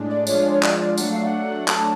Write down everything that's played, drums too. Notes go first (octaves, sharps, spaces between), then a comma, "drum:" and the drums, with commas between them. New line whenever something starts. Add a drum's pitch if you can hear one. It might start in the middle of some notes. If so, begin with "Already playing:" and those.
Already playing: A2 G#3 D4
D5
F3 G#3 D4 F4 C#5, drum: tambourine
C#5
D5, drum: clap
D5
F#3 A3 D4 F#5, drum: tambourine
F5
F#5
A5, drum: clap